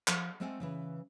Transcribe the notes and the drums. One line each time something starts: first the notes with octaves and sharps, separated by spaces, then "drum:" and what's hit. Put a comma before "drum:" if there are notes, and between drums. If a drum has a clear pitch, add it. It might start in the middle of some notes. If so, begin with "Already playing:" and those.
F3, drum: clap
G#3 A3 C4 A4 F#5 G#5
C#3 E3 B4